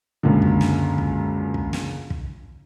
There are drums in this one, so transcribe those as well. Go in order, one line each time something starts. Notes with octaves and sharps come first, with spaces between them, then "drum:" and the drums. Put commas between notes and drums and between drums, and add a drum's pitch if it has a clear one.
C#2 F#2 A#2 D3
drum: kick
drum: snare
drum: kick
drum: kick
drum: snare
drum: kick